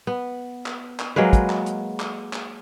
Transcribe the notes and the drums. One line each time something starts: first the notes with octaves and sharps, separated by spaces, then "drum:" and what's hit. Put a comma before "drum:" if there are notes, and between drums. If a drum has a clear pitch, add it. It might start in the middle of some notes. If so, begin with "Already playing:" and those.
B3
drum: clap
drum: clap
F#3 G#3 A#3 B4
drum: kick, hi-hat
drum: clap
drum: hi-hat
drum: clap
drum: clap